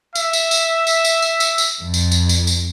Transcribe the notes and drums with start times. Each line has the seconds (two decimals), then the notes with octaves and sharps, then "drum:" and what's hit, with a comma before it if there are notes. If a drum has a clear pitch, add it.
0.15 E5, drum: tambourine
0.33 drum: tambourine
0.51 drum: tambourine
0.87 drum: tambourine
1.05 drum: tambourine
1.22 drum: tambourine
1.40 drum: tambourine
1.58 drum: tambourine
1.82 F2
1.94 drum: tambourine
2.12 drum: tambourine
2.29 drum: tambourine
2.47 drum: tambourine